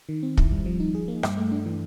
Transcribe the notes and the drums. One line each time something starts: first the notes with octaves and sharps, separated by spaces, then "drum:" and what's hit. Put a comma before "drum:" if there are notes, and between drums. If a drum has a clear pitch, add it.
D#3
C4
E4, drum: kick
G3
F3
D#4
G#4
A#3
G2, drum: rim click
A3
D4
E3